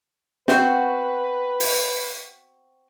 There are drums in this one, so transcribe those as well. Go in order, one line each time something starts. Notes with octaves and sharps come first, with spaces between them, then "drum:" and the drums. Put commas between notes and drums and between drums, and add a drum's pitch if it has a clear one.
C4 F#4 B4, drum: snare
drum: open hi-hat